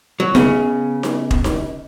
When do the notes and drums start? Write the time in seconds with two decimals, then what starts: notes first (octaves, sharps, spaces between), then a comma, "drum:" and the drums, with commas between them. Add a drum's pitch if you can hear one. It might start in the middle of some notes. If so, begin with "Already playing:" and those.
0.20 F#3
0.35 C#3 B3, drum: snare D#4
1.03 drum: snare D#4
1.31 drum: kick
1.44 drum: snare D#4